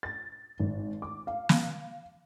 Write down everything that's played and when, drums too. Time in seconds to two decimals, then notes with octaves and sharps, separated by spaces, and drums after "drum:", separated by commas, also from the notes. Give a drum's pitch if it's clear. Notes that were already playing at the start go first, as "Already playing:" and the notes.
0.03 A6
0.59 G#1
1.02 D6
1.27 F5
1.49 drum: snare